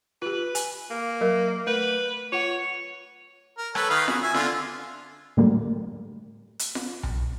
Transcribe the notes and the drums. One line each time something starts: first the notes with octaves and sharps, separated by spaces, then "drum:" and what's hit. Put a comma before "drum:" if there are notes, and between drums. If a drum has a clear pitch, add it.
F4 G4 B4
G#5, drum: hi-hat
A#3
F#3 A#4 E5
A3 B4
F4 C#5 F#5
A#4
A4 B4 C#5, drum: rim click
D#3 B4 F5
F#4 G#4, drum: snare F4
E5 G#5
D3 F4, drum: snare F4
A2 D3 F#3 G3 A3 A#3
drum: hi-hat
drum: snare F4
drum: tom B1